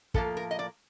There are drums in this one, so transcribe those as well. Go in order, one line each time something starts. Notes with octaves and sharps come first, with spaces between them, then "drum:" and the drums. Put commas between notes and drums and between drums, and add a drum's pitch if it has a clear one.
A2 F3 A#3 A4, drum: kick
A#4
D#5
D5